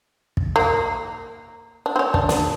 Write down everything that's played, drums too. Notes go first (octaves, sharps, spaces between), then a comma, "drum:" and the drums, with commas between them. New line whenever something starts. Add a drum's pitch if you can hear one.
drum: kick
A#3
D4
C4
C#4
D4, drum: kick
D4, drum: snare